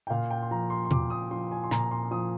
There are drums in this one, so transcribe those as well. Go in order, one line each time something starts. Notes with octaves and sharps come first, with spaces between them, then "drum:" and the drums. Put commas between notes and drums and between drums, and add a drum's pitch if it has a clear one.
G5
A#2 F5
G5
C6
F3 A#5
C6
C6
A#2 D6, drum: tom B2
D#6
F3 C6
G#5
C6
A#2 A#5, drum: snare
C6
F3 D#6